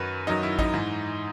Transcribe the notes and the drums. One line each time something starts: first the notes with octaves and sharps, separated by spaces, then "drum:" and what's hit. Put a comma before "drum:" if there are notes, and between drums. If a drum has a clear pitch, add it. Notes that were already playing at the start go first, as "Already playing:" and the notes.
Already playing: F#2 D#3 F#3 B4
F#2 D#3 F#3 D#4
E4
D#4, drum: kick A1
G#2 E3